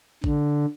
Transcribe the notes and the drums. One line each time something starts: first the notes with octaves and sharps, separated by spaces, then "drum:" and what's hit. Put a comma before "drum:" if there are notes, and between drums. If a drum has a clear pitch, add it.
D3, drum: kick A1